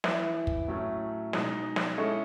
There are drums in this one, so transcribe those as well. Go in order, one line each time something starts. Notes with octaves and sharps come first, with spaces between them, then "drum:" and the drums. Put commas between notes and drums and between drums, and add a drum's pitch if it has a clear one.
E3 B3 E4, drum: snare
drum: kick
A2 F#3 A3 C#4
B2 G#3 D#4, drum: snare
drum: snare
G#3 C#4 E4 A4 D#5